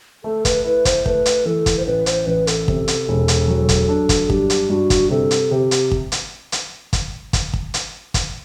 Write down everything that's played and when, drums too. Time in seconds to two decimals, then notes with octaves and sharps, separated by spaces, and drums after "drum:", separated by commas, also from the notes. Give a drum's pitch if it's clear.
0.24 A3 A4
0.45 B4, drum: kick, hi-hat
0.64 E4 B4
0.85 C5, drum: kick, hi-hat
1.06 A3 B4, drum: kick
1.26 drum: hi-hat
1.45 E3 A4
1.66 drum: kick, hi-hat
1.78 C5
1.86 A1 B4
2.06 C5, drum: hi-hat
2.26 A1 B4
2.47 A4, drum: hi-hat
2.68 C3, drum: kick
2.88 drum: hi-hat
3.08 E1
3.28 drum: hi-hat
3.48 F#3
3.69 drum: kick, hi-hat
3.89 D4
4.09 drum: kick, hi-hat
4.30 G2 G4, drum: kick
4.50 drum: hi-hat
4.70 G2 F#4
4.90 drum: kick, hi-hat
5.11 C3 A4
5.31 drum: hi-hat
5.51 C3 G4
5.71 drum: hi-hat
5.91 drum: kick
6.12 drum: hi-hat
6.52 drum: hi-hat
6.93 drum: kick, hi-hat
7.33 drum: kick, hi-hat
7.53 drum: kick
7.74 drum: hi-hat
8.14 drum: kick, hi-hat